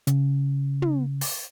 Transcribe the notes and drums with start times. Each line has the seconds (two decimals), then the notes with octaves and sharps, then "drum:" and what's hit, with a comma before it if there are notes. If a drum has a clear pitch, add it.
0.07 C#3, drum: hi-hat
0.82 drum: tom
1.21 drum: open hi-hat